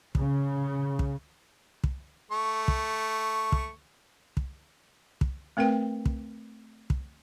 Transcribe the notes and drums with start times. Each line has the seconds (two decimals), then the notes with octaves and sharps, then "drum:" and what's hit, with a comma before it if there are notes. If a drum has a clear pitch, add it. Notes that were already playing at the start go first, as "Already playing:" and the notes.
0.15 C#3, drum: kick
0.99 drum: kick
1.84 drum: kick
2.32 A3 C#6
2.68 drum: kick
3.52 drum: kick
4.37 drum: kick
5.21 drum: kick
5.57 A3 C4 A#4 B4 G5
6.06 drum: kick
6.90 drum: kick